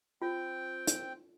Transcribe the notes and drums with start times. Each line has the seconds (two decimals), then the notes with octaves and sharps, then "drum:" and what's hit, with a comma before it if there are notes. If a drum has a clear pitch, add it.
0.22 C4 F4 G5
0.87 drum: hi-hat